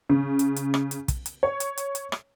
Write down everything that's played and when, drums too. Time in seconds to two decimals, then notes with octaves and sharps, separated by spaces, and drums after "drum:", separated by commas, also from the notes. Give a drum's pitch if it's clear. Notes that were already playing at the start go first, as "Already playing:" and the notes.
0.10 C#3
0.39 drum: hi-hat
0.56 drum: hi-hat
0.74 drum: rim click
0.91 drum: hi-hat
1.08 drum: kick, hi-hat
1.26 drum: hi-hat
1.43 C#5
1.60 drum: hi-hat
1.77 drum: hi-hat
1.95 drum: hi-hat
2.12 drum: rim click